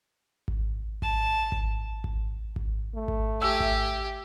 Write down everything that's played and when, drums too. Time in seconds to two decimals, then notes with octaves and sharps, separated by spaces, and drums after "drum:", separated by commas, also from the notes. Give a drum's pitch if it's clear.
0.48 drum: kick G#1
1.02 A5, drum: kick G#1
1.52 drum: kick G#1
2.04 drum: kick G#1
2.56 drum: kick G#1
2.95 A3
3.08 drum: kick G#1
3.42 G4 E5 G#5 E6
3.60 drum: kick G#1